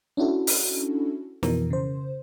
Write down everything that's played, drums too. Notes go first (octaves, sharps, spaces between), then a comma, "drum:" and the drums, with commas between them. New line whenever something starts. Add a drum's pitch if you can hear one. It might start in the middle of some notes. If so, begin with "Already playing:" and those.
C#4 D4 E4 F#4 A4
drum: open hi-hat
F2 B2 E3 A#4, drum: snare
C#3 C5